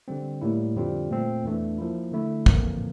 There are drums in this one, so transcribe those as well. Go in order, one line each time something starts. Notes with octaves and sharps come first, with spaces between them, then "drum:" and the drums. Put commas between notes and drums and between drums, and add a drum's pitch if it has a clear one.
D3 G3 C4
A2 G3 A#3 E4
F2 D3 G3 C4 F4
A#2 A3 C4
E2 E3 A3 D4
F3 A#3 E4
D3 A3 E4
F2 E3 A#3, drum: kick